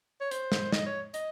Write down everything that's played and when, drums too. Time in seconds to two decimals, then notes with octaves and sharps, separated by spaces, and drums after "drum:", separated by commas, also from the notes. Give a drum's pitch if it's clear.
0.21 C#5
0.31 C5, drum: hi-hat
0.52 drum: snare
0.72 D#5, drum: snare
0.86 C#5
1.14 D#5, drum: hi-hat